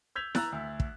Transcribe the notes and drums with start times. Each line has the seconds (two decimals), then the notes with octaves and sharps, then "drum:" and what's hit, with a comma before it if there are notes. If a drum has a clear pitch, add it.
0.16 E6 G6 G#6 B6 F7
0.35 A#5 E6 F#6 A6, drum: snare E4
0.52 D2
0.80 drum: kick